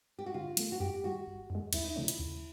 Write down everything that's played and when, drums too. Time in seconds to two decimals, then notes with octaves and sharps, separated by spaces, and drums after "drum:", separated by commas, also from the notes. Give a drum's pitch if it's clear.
0.19 G4
0.26 F#4
0.34 D3 F4
0.57 F#3 A3, drum: hi-hat
0.72 F#4
0.80 F#2 G4
1.04 D#3 G3 F#4
1.26 G1
1.50 F#2 D#3 G#3
1.73 D#2 E4, drum: cymbal
1.84 D#4
1.96 C#3 F3 A3 C#4 E4
2.08 drum: hi-hat
2.19 D#2